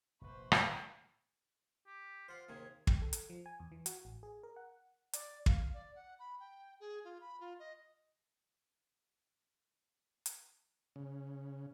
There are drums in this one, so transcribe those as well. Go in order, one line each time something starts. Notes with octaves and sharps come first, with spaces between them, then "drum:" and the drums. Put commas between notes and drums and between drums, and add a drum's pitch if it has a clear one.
F1 A#1 B4 C5 C#6
drum: rim click
G4
F4 C5 F#5
D#2 C3 A#3 G#4
G5, drum: kick
A4
drum: hi-hat
F3
G#5
E2
E3
F#4, drum: hi-hat
A1
G#4
A#4
F#5
D5, drum: hi-hat
F5, drum: kick
D5
F#5
B5
G5
G#4
F4
B5
F4
D#5
drum: hi-hat
C#3